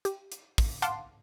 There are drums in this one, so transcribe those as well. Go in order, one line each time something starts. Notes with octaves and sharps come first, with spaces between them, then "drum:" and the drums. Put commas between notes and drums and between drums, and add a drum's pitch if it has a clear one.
G4, drum: hi-hat
drum: hi-hat
drum: kick, open hi-hat
F5 F#5 A5 C6 D6, drum: hi-hat